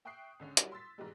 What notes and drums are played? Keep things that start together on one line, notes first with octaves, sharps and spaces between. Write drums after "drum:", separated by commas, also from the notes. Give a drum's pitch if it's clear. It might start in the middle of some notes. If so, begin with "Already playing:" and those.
E5 G5 C#6 D#6 F#6 C7
C#2 D3 C#4
F#3 G3 E4 F#4 A#4 C#5, drum: hi-hat
C6 E6 A6 B6
G#2 B2 E3 G3 G#3